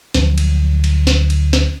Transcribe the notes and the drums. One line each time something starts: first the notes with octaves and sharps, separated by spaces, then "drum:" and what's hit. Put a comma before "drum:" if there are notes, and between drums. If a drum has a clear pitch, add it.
D2 F3 F#3, drum: snare
drum: cymbal
drum: cymbal
drum: snare
drum: cymbal
drum: snare